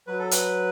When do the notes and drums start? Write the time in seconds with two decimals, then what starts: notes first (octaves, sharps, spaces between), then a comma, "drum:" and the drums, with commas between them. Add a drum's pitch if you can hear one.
0.07 F#3 B4
0.19 A4
0.31 B4, drum: hi-hat